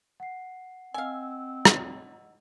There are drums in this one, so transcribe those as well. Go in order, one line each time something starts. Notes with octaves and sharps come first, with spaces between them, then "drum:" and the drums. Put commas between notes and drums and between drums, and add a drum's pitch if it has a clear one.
F#5 C7
C4 D#5 F5 F#5 G#5 E6
drum: rim click